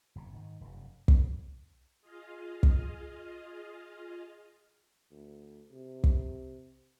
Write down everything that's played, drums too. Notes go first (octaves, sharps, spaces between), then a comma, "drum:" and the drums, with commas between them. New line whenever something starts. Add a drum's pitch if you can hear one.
F#1 E2 C3
G#2 D#3
F1 F#2
drum: kick
F4 G#4 D#5 F5
drum: kick
D2
C3
drum: kick